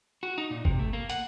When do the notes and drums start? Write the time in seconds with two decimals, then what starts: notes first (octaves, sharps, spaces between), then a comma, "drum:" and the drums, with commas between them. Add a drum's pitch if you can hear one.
0.23 F#4
0.38 D#4
0.51 A#2
0.65 C3, drum: kick
0.79 A3
0.93 A#3
1.10 F#5, drum: hi-hat